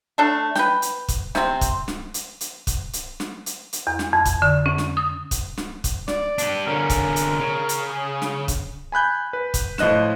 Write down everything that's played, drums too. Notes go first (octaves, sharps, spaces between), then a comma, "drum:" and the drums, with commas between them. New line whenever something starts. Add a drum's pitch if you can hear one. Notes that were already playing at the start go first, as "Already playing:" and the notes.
A3 D4 A4
B4 G5, drum: snare
drum: hi-hat
drum: kick, hi-hat
C3 C4, drum: snare
drum: kick, hi-hat
drum: snare
drum: hi-hat
drum: hi-hat
drum: kick, hi-hat
drum: hi-hat
drum: snare
drum: hi-hat
drum: hi-hat
E2
drum: snare
F2
drum: kick, hi-hat
D3
C#4
drum: snare
D#6
drum: kick, hi-hat
drum: snare
drum: kick, hi-hat
D5, drum: snare
D4 G4, drum: hi-hat
D3 C#4 A#4
drum: kick, hi-hat
drum: hi-hat
C#3
drum: hi-hat
G#4
drum: snare
drum: kick, hi-hat
G#5 B5 F#6 G6
B4
drum: kick, hi-hat
A2 F3 D#5 F#6 E7, drum: snare